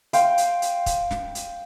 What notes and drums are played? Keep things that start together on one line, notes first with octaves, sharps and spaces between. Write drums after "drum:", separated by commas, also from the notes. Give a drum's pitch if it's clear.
F5 G5 C6, drum: hi-hat
drum: hi-hat
drum: hi-hat
drum: kick, hi-hat
drum: snare
drum: hi-hat